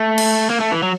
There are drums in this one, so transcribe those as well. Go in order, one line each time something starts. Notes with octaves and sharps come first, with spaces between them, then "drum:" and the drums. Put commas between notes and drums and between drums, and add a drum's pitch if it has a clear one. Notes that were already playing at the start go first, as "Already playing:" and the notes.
Already playing: A3
drum: cymbal
A#3
A3
E3
F#3